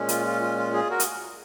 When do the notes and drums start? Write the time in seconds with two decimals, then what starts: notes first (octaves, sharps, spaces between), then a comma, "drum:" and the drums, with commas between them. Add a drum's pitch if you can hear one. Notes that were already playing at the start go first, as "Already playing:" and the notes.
Already playing: A#2 G#3 C#4
0.09 F4, drum: hi-hat
0.26 F4
0.42 F4
0.58 F4
0.73 F4 G#4
0.90 F#4 A#4
1.00 drum: hi-hat